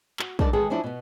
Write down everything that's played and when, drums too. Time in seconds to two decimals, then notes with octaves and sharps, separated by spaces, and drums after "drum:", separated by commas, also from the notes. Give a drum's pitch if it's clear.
0.19 F#4, drum: clap
0.39 G3 D4 D#4 A4 A#4 D5, drum: kick
0.53 D#3 E3 G#3 G#4 A4 B4
0.70 F3 F#3 C#4 D4 E4
0.84 B2 B3